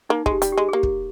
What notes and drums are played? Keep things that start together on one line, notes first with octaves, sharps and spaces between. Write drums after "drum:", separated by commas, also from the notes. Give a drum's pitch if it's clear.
A#3 D#4
G#3, drum: kick
G4
G3, drum: hi-hat
G4
G#3
G#4
A#3 G4
drum: kick